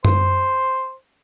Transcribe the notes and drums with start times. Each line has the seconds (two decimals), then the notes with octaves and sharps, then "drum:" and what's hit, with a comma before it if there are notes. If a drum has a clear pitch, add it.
0.05 C5, drum: tom F#2